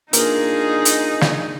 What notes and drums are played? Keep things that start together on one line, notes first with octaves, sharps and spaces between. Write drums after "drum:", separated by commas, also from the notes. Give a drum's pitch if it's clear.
A#3 D4 D#4 F4 G#4 A#4, drum: hi-hat
drum: hi-hat
drum: snare